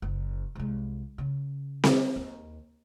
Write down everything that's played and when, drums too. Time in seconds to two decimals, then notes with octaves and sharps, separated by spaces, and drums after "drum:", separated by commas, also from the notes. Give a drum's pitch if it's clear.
0.02 F#1
0.55 C2 G#3
1.18 C#3
1.84 drum: snare C4
2.16 D#2